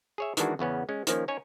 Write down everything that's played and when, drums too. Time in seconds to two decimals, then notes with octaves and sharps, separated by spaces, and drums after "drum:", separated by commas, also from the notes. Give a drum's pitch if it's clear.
0.18 G#4 C#5 E5
0.37 D#3 E3 G#3 D4 F#4, drum: hi-hat
0.59 E2 C#3 B3 C#4
0.89 G#3 C#4
1.07 D#3 F3 A#3 C#4, drum: hi-hat
1.28 C#4 D#4 C#5 G#5